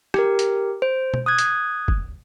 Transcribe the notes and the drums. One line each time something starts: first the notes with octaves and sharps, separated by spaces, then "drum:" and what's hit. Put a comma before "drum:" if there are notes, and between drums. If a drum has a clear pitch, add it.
G4 A#4, drum: rim click
drum: hi-hat
C5
drum: tom B2
D#6 F#6 G#6
drum: hi-hat
drum: kick